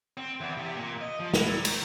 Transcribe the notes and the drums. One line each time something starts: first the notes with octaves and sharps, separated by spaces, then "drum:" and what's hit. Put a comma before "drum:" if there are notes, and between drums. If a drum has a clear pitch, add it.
C4
E2
C3
A#2
D#5
F3
A2, drum: snare
A#2
A#5, drum: cymbal